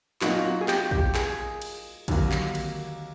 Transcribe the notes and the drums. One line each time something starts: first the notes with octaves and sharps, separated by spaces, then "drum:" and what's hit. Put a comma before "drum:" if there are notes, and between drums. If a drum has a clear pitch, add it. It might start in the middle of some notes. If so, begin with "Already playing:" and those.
A#2 F#3 A#3 D#4 F#4, drum: clap
F#4
G#4
G4, drum: clap
G4, drum: kick
G#4, drum: clap
drum: cymbal
D#2 D3 F#3 A#3, drum: kick, cymbal
drum: clap
drum: cymbal